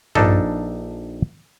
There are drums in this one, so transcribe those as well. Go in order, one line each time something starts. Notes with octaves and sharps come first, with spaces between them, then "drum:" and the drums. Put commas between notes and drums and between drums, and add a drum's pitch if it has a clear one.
A#1 D4 D#4 A4, drum: tom G2